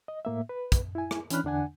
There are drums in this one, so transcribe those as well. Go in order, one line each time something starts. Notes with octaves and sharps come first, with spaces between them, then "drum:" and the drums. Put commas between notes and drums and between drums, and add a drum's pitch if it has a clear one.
D#5
A2 A#3 E5
B4
drum: kick, hi-hat
E4 G#5
drum: rim click
E3 C#4 D4 B5 F6 F#6, drum: hi-hat
E2 D3 D4 F#5 G#5